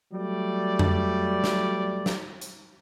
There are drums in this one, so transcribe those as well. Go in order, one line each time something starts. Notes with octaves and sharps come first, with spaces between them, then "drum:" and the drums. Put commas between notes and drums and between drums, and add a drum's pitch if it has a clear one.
F#3 G3 A3 D5
drum: tom F2
drum: snare
drum: snare
drum: hi-hat